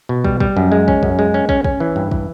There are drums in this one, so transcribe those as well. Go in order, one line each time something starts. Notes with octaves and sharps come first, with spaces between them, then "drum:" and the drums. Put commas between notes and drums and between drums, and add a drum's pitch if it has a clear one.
B2
G3, drum: kick
G3, drum: kick
F#2
G#3
C#4, drum: kick
F#2, drum: kick
G#3
C#4
C#4, drum: kick
C#4, drum: kick
E3
G2
E3, drum: kick